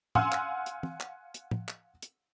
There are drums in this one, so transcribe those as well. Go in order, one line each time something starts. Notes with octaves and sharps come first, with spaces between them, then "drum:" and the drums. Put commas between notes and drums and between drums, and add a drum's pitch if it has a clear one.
F5 F#5 G#5 C6 E6 F6, drum: tom
drum: clap
drum: hi-hat
drum: tom
drum: clap
drum: hi-hat
drum: tom
drum: clap
drum: hi-hat